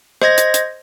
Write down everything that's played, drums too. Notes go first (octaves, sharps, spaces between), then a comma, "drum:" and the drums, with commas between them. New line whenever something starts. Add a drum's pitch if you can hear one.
C5 D#5 G#6 A#6, drum: rim click
drum: hi-hat
drum: hi-hat